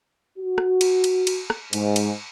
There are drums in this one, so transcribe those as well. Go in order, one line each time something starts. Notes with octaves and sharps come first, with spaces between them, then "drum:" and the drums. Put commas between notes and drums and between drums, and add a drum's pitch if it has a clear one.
F#4
drum: rim click
drum: cymbal
drum: cymbal
drum: cymbal
drum: rim click
G#2, drum: cymbal
drum: cymbal